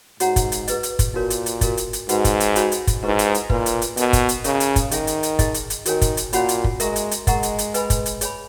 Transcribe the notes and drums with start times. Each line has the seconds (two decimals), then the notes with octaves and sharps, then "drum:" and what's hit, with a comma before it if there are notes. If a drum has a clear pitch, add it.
0.20 G#2 F#4 C#5 F#5 A#5, drum: hi-hat
0.36 drum: kick, hi-hat
0.52 drum: hi-hat
0.68 G#4 B4 D#5, drum: hi-hat
0.83 drum: hi-hat
0.99 drum: kick, hi-hat
1.14 A#2 D#4 F#4 A#4 C#5
1.30 drum: hi-hat
1.46 drum: hi-hat
1.61 F#4 A#4 D#5, drum: kick, hi-hat
1.77 drum: hi-hat
1.93 drum: hi-hat
2.09 G#2 F#4 B4 F#5 B5, drum: hi-hat
2.25 drum: kick, hi-hat
2.40 drum: hi-hat
2.56 C#4 F#4 C#5 G#5 B5, drum: hi-hat
2.72 drum: hi-hat
2.87 drum: kick, hi-hat
3.03 G#2 E4 B4 D#5 A#5 C#6
3.19 drum: hi-hat
3.34 drum: hi-hat
3.50 A#2 B4 E5 B5, drum: kick
3.66 drum: hi-hat
3.82 drum: hi-hat
3.97 B2 D#4 A#4 D#5 G#5, drum: hi-hat
4.13 drum: kick, hi-hat
4.29 drum: hi-hat
4.44 C#3 A#4 C#5 E5 A#5 C#6, drum: hi-hat
4.60 drum: hi-hat
4.76 drum: kick, hi-hat
4.91 D#3 G#4 C#5 E5 G#5, drum: hi-hat
5.07 drum: hi-hat
5.23 drum: hi-hat
5.39 D#4 G#4 D#5, drum: kick, hi-hat
5.54 drum: hi-hat
5.70 drum: hi-hat
5.86 D#3 F#4 A#4 C#5 G#5, drum: hi-hat
6.01 drum: kick, hi-hat
6.17 drum: hi-hat
6.33 A#2 C#4 F#4 C#5 F#5 B5, drum: hi-hat
6.49 drum: hi-hat
6.64 drum: kick
6.80 G#3 A#4 E5 A#5 C#6, drum: hi-hat
6.96 drum: hi-hat
7.11 drum: hi-hat
7.27 G#3 A#4 D#5 F#5 A#5 C#6, drum: kick, hi-hat
7.43 drum: hi-hat
7.59 drum: hi-hat
7.74 B4 D#5 G#5 B5, drum: hi-hat
7.90 drum: kick, hi-hat
8.06 drum: hi-hat
8.21 G#4 C#5 G#5 B5, drum: hi-hat